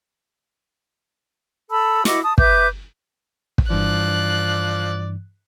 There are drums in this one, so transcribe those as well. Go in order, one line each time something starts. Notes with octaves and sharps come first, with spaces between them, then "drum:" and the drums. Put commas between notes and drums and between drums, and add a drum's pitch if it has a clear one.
A4 A5 B5 E6
E4 F#4 D#5 D6, drum: snare
A5 D#6
B4 E5 D6 G6, drum: kick
drum: kick
G2 E3 F3 D5 F#6